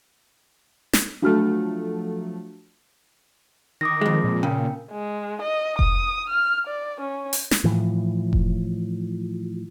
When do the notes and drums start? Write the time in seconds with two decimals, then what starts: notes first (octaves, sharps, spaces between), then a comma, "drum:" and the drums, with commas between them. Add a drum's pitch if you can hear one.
0.93 drum: snare
1.22 F3 F#3 A3 D4 F#4 F6
3.81 D#3 D6 D#6 A#6
4.01 F2 G#3
4.24 A#2
4.43 C#3 A#4 G5
4.91 G#3
5.42 D#5
5.79 D#6, drum: kick F1
6.29 F6
6.67 D5
7.01 C#4
7.33 drum: open hi-hat
7.51 drum: snare
7.64 A2 E3 F3
8.33 drum: kick F1